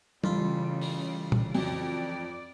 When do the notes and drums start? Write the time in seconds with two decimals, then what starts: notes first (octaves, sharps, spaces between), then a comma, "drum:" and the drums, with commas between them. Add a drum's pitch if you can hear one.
0.24 A1 C#3 G3 F4 B5, drum: tom
0.81 drum: open hi-hat
1.32 drum: tom
1.54 F2 F#3 D5, drum: open hi-hat